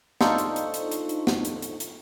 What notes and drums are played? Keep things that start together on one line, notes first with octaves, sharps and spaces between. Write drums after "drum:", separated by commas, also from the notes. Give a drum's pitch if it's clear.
D4 D#4 F4 A4 C5 C#6, drum: snare
drum: hi-hat
drum: hi-hat
drum: hi-hat
drum: hi-hat
drum: hi-hat
drum: snare
drum: hi-hat
drum: hi-hat
drum: hi-hat